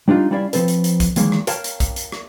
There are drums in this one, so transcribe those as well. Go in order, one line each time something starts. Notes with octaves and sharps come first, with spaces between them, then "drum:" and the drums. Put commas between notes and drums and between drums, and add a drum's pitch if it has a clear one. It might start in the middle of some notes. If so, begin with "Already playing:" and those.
G3 D4 D#4 F4
G3 C#4 E4 D5 E5 F5
F3 C4 A4 B4, drum: hi-hat
drum: hi-hat
drum: hi-hat
drum: kick, hi-hat
D#3 E3 F#3 G#3 A#3, drum: hi-hat
drum: rim click
A#4 C#5 F5 G5 A5, drum: hi-hat
drum: hi-hat
drum: kick, hi-hat
drum: hi-hat
drum: rim click